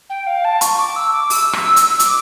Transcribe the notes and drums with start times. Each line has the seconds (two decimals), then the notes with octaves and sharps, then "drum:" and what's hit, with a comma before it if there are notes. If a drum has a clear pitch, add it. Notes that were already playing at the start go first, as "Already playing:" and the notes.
0.09 G5
0.27 F5
0.44 A5
0.61 C#6, drum: hi-hat
0.78 D6
0.96 E6
1.13 D6
1.30 E6, drum: open hi-hat
1.53 drum: rim click
1.76 drum: hi-hat
1.99 D6, drum: hi-hat